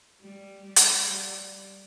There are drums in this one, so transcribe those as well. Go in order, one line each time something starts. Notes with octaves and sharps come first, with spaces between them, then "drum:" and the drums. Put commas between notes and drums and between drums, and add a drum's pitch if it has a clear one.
G3
G3
drum: hi-hat
G3